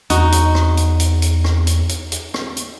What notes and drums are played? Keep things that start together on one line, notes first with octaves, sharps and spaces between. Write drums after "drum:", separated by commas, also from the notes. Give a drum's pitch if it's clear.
E2 D#4 F#4, drum: hi-hat
drum: hi-hat
drum: rim click
drum: hi-hat
drum: hi-hat
drum: hi-hat
drum: rim click
drum: hi-hat
drum: hi-hat
drum: hi-hat
drum: rim click
drum: hi-hat